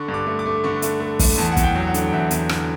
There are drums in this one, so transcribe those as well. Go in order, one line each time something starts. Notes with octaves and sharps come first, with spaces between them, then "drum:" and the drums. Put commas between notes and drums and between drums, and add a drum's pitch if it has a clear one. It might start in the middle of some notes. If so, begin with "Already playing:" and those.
Already playing: D3 C#6
G2
D6
A3
D6
A3
D3 C#6
A3, drum: hi-hat
A3
A3, drum: kick, open hi-hat
E2 A5
F#5
E2, drum: kick, hi-hat
G5
F#3
F#5
D3, drum: hi-hat
E2 E5
E2, drum: hi-hat
D3, drum: rim click